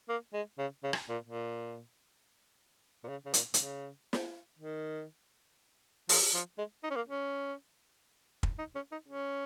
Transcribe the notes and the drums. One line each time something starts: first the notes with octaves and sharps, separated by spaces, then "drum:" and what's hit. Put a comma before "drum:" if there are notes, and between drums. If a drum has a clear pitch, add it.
A#3
G#3
C#3
C#3
drum: rim click
A#2
A#2
A#2
C#3
C#3
A#2, drum: hi-hat
A#2, drum: hi-hat
C#3
drum: snare
D#3
F3, drum: open hi-hat
F3
G#3
D#4
C#4
A#3
C#4
drum: kick
D#4
C#4
D#4
C#4